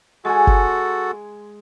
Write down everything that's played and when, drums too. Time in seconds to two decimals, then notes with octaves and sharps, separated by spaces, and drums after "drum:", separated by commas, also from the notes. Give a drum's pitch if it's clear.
0.25 G#3 F#4 A4 G#5
0.47 drum: kick F#1